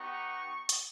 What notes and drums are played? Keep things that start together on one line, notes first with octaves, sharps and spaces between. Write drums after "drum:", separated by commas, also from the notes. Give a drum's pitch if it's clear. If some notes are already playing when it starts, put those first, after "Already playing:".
Already playing: B3 D#4 G4 C#6
drum: hi-hat